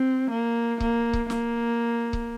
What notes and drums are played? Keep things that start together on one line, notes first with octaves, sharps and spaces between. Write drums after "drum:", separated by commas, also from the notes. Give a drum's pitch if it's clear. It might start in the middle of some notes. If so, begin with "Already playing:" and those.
Already playing: C4
A#3
A#3, drum: kick C#1
drum: kick C#1
A#3, drum: snare
drum: kick C#1